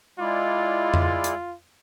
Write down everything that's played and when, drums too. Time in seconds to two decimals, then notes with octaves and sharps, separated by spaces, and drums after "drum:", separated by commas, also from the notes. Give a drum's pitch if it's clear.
0.19 G#3 E4 F4 D5
0.94 drum: tom F2
1.24 drum: hi-hat